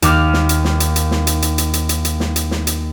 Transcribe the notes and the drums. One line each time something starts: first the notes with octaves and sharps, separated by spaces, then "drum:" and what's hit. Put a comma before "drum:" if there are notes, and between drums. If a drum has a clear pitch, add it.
D#2 D6 F6, drum: hi-hat
drum: snare
drum: hi-hat
drum: snare
drum: hi-hat
drum: hi-hat
drum: snare
drum: hi-hat
drum: hi-hat
drum: hi-hat
drum: hi-hat
drum: hi-hat
drum: hi-hat
drum: snare
drum: hi-hat
drum: snare
drum: hi-hat